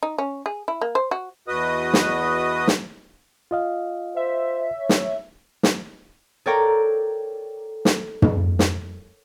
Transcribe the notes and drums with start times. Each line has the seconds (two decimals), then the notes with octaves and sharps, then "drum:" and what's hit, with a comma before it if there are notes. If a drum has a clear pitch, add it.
0.03 D#4
0.18 C#4
0.46 G#4
0.68 E4
0.81 A#3
0.95 C5
1.11 F#4
1.48 E2 F#4 B4 D#5 D#6
1.94 drum: snare
2.68 drum: snare
3.51 F4 D#5 F5
4.17 C5 E5
4.78 C#5
4.89 drum: snare
5.63 drum: snare
6.46 A4 A#4 C#5 D5 G5 A#5
7.85 drum: snare
8.22 drum: tom
8.59 drum: snare